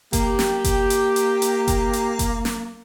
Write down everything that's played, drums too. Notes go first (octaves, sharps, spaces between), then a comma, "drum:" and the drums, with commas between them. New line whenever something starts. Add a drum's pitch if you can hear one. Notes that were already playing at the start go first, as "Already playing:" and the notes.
A#3 G4, drum: kick F#1, hi-hat
drum: snare
drum: kick F#1, hi-hat
drum: hi-hat
drum: hi-hat
drum: hi-hat
drum: kick F#1, hi-hat
drum: hi-hat
drum: kick F#1, hi-hat
drum: snare